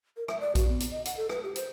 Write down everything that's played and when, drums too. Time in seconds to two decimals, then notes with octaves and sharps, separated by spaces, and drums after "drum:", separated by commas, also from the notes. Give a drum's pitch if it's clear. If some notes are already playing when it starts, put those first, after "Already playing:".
0.17 A#4
0.28 E5, drum: rim click
0.40 D5
0.55 F#4, drum: kick A#1, hi-hat
0.68 B3
0.80 drum: hi-hat
0.91 D#5
1.05 F#5, drum: hi-hat
1.17 A4
1.29 B4, drum: rim click
1.44 G4
1.55 C5, drum: hi-hat